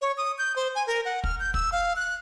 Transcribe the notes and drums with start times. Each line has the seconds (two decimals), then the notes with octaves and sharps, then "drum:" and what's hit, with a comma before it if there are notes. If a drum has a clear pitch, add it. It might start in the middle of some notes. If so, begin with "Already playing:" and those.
0.02 C#5
0.17 D#6
0.38 G6
0.56 C5
0.75 G#5
0.87 A#4
1.05 F#5
1.24 F6, drum: kick
1.40 G6
1.54 E6, drum: kick
1.72 F5
1.96 F#6